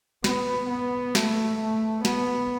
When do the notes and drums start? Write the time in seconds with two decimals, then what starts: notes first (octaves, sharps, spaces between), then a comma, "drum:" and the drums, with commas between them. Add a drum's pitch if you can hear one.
0.24 B3, drum: snare
0.70 B3
1.15 A3, drum: snare
1.60 A3
2.05 B3, drum: snare